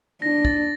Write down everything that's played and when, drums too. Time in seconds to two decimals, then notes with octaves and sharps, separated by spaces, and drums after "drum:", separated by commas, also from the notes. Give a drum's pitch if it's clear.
0.22 D4 A#6
0.45 A6, drum: kick